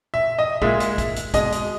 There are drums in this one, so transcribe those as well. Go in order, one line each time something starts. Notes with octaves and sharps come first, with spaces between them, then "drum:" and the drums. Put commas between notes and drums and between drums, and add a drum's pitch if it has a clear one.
E5
D#5
A#2 G#3 E5, drum: kick
drum: hi-hat
drum: kick, hi-hat
drum: hi-hat
B2 G#3 D#5, drum: kick, hi-hat
drum: hi-hat